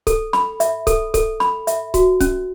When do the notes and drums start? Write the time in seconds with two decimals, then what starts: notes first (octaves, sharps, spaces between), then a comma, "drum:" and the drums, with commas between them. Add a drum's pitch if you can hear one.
0.07 A4, drum: kick C#1, hi-hat
0.33 B5, drum: snare
0.60 E5, drum: hi-hat
0.87 A4, drum: kick C#1, hi-hat
1.14 A4, drum: kick C#1, hi-hat
1.40 B5, drum: snare
1.67 E5, drum: hi-hat
1.94 F#4, drum: kick C#1, hi-hat
2.20 C#4, drum: kick C#1, hi-hat